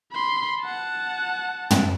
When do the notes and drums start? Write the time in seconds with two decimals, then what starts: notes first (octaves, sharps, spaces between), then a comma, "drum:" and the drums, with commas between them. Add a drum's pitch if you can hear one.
0.13 B5 C6
0.62 F#5 A5
1.71 drum: tom